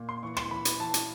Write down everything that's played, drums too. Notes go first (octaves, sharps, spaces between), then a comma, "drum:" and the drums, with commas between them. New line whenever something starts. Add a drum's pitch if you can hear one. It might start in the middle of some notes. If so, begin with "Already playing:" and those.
Already playing: A#2
C6
E3 C#6
C6, drum: rim click
E3 B5
drum: hi-hat
E3 A5
drum: hi-hat